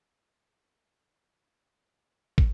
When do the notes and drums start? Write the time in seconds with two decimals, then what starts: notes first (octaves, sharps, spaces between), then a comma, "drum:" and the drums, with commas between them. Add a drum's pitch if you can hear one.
0.11 A2
0.31 F3
0.44 F2
0.70 D#5
1.01 A#3
1.22 C#4
1.40 B2
1.54 F3
1.72 F4
1.91 F2
2.38 drum: kick